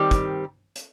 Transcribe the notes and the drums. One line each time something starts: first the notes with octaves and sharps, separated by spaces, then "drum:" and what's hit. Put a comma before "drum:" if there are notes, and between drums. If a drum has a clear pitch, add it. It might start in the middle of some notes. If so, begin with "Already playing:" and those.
Already playing: D#3 G3 C4 G4
drum: kick, hi-hat
drum: hi-hat